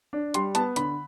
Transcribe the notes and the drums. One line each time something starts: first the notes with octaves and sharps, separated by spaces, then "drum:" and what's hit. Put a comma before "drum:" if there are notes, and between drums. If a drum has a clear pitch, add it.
D4
G3 C6, drum: hi-hat
B3 A5, drum: hi-hat
D3 B5, drum: hi-hat